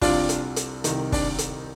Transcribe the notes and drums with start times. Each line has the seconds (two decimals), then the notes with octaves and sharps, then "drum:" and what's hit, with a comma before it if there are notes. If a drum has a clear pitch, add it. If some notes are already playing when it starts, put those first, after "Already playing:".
0.01 C2 C3 F3 D4 F4, drum: kick, open hi-hat
0.29 drum: hi-hat
0.56 drum: hi-hat
0.84 C2 C3 D#3, drum: hi-hat
1.12 D4, drum: kick, open hi-hat
1.38 drum: hi-hat